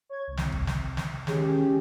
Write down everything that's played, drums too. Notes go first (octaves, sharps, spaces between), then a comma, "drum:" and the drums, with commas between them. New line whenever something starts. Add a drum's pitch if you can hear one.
C#5 G#6
C2
drum: snare
drum: kick
drum: snare
drum: snare
D#3 G#3 C#4 G4 G#4, drum: snare